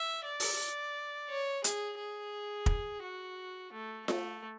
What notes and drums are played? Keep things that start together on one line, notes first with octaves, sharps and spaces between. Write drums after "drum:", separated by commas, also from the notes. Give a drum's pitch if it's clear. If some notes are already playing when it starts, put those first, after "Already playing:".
Already playing: E5
D5
drum: open hi-hat
C#5
G#4, drum: hi-hat
G#4
drum: kick
F#4
A3
A3, drum: snare F4